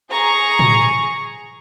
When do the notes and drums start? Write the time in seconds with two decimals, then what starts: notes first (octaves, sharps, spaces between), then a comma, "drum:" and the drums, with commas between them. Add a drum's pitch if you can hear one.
0.11 G#4 A#5 C#6
0.59 drum: tom A2